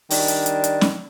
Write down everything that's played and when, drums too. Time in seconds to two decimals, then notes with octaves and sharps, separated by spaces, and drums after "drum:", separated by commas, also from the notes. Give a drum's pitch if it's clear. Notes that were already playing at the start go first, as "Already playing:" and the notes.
0.10 D#3 G3 D4, drum: open hi-hat
0.28 drum: hi-hat
0.46 drum: hi-hat
0.64 drum: hi-hat
0.81 drum: snare C#4